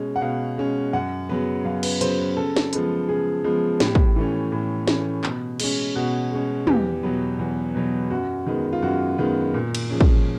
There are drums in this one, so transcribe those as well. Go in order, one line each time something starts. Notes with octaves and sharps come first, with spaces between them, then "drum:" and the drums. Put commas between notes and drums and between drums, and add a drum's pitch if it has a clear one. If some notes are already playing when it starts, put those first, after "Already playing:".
Already playing: B2 G#3 C#4
F#5
B2 F5
G#3 C#4
F#2 F#5
C#3 F#3 B3
F#2 F5
B4, drum: cymbal
C#3 F#3 B3 C5, drum: hi-hat
B4
C#3 A4
drum: snare
F3 G#3 B3, drum: hi-hat
C#3 G#4
F3 G#3 B3
A2 G4, drum: snare
drum: kick
E3 A3 C#4
A2
E3 A3 C#4, drum: snare
B2, drum: clap
G#3 C#4, drum: cymbal
B2 F#4
G#3 C#4
E2 G4, drum: tom
B2 F#3 B3
E2
B2 F#3 B3
F#2 F#4
D#3 G#3 B3
F4
F#2 F#4
D#3 G#3 B3
A#2
drum: cymbal
F3 G#3 C#4
drum: kick